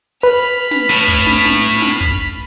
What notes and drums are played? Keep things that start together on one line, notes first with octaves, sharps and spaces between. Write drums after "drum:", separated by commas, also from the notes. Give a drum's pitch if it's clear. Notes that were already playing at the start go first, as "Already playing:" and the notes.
B4 B5 F6
drum: snare
A2
drum: kick
drum: snare
drum: snare
drum: snare
drum: kick